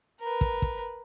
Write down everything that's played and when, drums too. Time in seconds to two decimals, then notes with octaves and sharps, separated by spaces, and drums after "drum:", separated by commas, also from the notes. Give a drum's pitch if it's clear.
0.20 A#4 B4
0.41 drum: kick
0.62 drum: kick